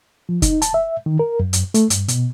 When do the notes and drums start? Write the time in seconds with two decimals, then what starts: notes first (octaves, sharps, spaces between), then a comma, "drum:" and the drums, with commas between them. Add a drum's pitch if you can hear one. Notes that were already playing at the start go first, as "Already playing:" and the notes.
0.29 F3
0.42 D#4, drum: kick, hi-hat
0.62 A5, drum: hi-hat
0.74 E5
1.06 D#3
1.19 A#4
1.40 F#2
1.53 drum: hi-hat
1.74 A3, drum: hi-hat
1.90 G2, drum: hi-hat
2.08 B2, drum: hi-hat